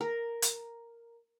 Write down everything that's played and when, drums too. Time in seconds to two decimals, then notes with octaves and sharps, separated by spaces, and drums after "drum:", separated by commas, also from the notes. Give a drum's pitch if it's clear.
0.01 A#4
0.42 drum: hi-hat